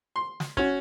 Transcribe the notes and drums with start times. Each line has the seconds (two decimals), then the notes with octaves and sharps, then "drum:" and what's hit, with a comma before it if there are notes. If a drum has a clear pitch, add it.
0.16 C6
0.40 drum: snare
0.57 C#4 F#4, drum: kick